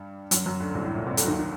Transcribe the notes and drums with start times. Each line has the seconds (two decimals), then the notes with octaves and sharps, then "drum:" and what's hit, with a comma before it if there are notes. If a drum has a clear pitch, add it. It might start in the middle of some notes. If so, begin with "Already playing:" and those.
Already playing: G2 G3
0.31 F#2 F#3, drum: hi-hat
0.46 F#2 F#3
0.60 D2 D3
0.74 C2 C3
0.85 A2
0.95 A#2
1.07 C2 C3
1.17 D2 D3, drum: hi-hat
1.23 F#3
1.28 D#2 D#3
1.39 D#3